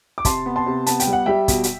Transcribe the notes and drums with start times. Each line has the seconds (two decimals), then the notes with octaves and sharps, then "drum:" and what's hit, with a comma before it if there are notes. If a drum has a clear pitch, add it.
0.18 D6
0.25 C3 A5 C6, drum: kick, hi-hat
0.46 B3
0.56 A5 C6
0.66 C3
0.86 B3 A5, drum: hi-hat
1.00 G5, drum: hi-hat
1.07 G3
1.13 F#5
1.26 G3 E5 G5
1.48 B2, drum: kick, hi-hat
1.64 drum: hi-hat